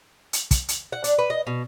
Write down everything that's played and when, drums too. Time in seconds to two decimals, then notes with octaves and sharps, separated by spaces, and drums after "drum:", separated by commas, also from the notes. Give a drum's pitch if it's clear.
0.33 drum: hi-hat
0.51 drum: kick, hi-hat
0.68 drum: hi-hat
0.92 F#5
1.04 D4, drum: hi-hat
1.18 B4
1.30 D#5
1.47 B2